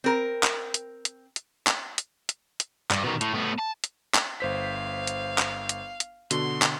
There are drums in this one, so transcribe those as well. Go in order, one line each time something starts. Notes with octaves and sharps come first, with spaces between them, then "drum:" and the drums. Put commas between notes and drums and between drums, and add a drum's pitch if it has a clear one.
C4 A#4
drum: clap
drum: hi-hat
drum: hi-hat
drum: hi-hat
drum: clap
drum: hi-hat
drum: hi-hat
drum: hi-hat
G2, drum: clap
B2 D#3
A2, drum: hi-hat
A2 B3
A5
drum: hi-hat
drum: clap
G1 C5 F5 B6
drum: hi-hat
drum: clap
drum: hi-hat
drum: hi-hat
B2 D3 F#4 C6, drum: hi-hat
drum: clap